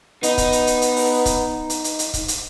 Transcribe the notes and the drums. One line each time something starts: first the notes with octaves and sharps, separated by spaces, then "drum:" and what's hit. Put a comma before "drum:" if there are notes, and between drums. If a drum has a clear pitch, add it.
B3 D#4, drum: hi-hat
drum: kick, hi-hat
drum: hi-hat
drum: hi-hat
drum: hi-hat
drum: open hi-hat
drum: kick, hi-hat
drum: hi-hat
drum: hi-hat
drum: hi-hat
drum: kick, hi-hat
drum: hi-hat